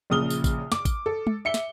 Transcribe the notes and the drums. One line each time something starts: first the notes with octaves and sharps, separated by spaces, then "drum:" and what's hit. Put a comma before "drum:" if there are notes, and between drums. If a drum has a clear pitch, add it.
A#1 A#2 C#3 D#6 F6 G7
drum: tambourine
drum: kick A1, tambourine
D6, drum: snare
drum: kick A1, tambourine
A4
drum: tom G#3
E5 C#7 G7
drum: snare